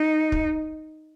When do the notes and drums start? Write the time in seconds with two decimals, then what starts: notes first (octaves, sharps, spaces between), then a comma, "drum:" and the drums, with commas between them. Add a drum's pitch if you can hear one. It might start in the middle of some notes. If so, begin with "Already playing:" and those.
Already playing: D#4
0.32 drum: kick